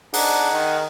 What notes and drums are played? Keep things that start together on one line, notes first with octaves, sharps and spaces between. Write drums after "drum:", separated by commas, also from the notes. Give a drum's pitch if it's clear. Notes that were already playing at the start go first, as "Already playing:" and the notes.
D4 D#4 G#4 F#5, drum: open hi-hat
D#3